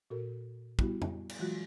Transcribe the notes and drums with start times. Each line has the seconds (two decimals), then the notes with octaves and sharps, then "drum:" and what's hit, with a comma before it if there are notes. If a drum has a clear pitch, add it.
0.10 A#2 F#4 A4 A#4
0.79 G3 B3 E4 F#4 G4, drum: kick
1.02 drum: tom F2
1.29 drum: cymbal
1.39 E3 F#3 G#3 F4 F#4 F#6